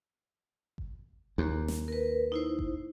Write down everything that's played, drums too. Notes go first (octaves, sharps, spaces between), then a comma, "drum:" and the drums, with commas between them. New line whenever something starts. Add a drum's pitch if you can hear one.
drum: kick G1
D#2
drum: snare
A#4 B4
D#4 E4 C5
drum: kick G1